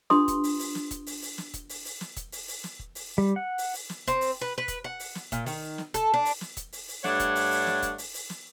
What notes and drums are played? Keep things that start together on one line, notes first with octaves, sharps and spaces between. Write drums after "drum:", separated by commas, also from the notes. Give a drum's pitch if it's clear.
D4 F4 G4 B4 C6 D#6, drum: snare
drum: kick F1, hi-hat
drum: open hi-hat
drum: open hi-hat
drum: snare
drum: kick F1, hi-hat
drum: open hi-hat
drum: open hi-hat
drum: snare
drum: kick F1, hi-hat
drum: open hi-hat
drum: open hi-hat
drum: snare
drum: kick F1, hi-hat
drum: open hi-hat
drum: open hi-hat
drum: snare
drum: kick F1
drum: open hi-hat
G3
F#5
drum: open hi-hat
drum: open hi-hat
drum: snare
C4, drum: kick F1, hi-hat
drum: open hi-hat
B4
B4
drum: kick F1, hi-hat
F#5
drum: open hi-hat
drum: snare
A#2, drum: kick F1, hi-hat
D#3, drum: open hi-hat
drum: snare
A4, drum: kick F1, hi-hat
D4
drum: open hi-hat
drum: snare
drum: kick F1, hi-hat
drum: open hi-hat
drum: open hi-hat
G2 A3 D4 C#5 F#5, drum: snare
drum: kick F1, hi-hat
drum: open hi-hat
drum: open hi-hat
drum: snare
drum: kick F1, hi-hat
drum: open hi-hat
drum: open hi-hat
drum: snare